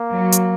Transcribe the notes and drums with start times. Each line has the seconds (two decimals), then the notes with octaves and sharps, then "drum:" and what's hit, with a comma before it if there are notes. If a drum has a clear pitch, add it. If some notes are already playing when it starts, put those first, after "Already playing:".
Already playing: A#3
0.13 F#3
0.32 drum: hi-hat